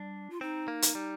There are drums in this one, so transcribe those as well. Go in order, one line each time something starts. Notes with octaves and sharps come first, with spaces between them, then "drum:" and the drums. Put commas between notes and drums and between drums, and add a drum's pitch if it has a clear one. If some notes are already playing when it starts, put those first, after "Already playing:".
Already playing: G3 D4
F4
C4 D#4
A#3
drum: hi-hat
G3